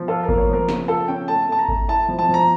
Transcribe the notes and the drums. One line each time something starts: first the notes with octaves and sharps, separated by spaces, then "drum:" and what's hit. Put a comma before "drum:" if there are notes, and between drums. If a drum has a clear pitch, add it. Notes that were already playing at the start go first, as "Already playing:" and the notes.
Already playing: F3
F4 A4
A#4
A#3, drum: kick G#1
C#5
F3 A#4
C#3, drum: snare
F4 A4
C#4 G5
A3 A5
A3 A5
A#5
A3, drum: kick G#1
E4 A5
F3
A5
F3
A#5